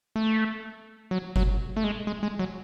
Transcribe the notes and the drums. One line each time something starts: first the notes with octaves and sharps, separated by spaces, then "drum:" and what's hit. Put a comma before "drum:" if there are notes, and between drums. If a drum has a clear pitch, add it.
A3
F#3
F#3, drum: kick F#1
A3
G#3
G#3
G#3
F#3